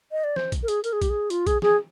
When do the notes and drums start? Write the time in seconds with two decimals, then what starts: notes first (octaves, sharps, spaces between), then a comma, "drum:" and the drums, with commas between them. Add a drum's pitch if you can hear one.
0.12 D#5
0.24 D5
0.36 C5, drum: snare
0.52 drum: kick, hi-hat
0.63 A#4
0.68 G#4, drum: hi-hat
0.84 A#4, drum: hi-hat
0.93 G#4
1.02 G4, drum: kick, hi-hat
1.10 G#4
1.30 F4, drum: hi-hat
1.47 G#4, drum: kick, hi-hat
1.62 G#4, drum: snare